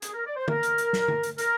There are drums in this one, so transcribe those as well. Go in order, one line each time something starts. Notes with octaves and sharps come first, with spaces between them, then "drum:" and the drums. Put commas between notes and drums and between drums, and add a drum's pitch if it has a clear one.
G#4, drum: hi-hat
A#4
D5
C5
A#4, drum: tom D3
drum: hi-hat
drum: hi-hat
drum: snare
drum: tom D3
drum: hi-hat
A#4, drum: hi-hat